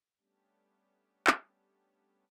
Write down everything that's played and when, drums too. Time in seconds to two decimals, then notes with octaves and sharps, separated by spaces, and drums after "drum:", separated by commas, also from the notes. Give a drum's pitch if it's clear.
0.19 G3 A3 B3 C#4 D4 G4
1.27 drum: clap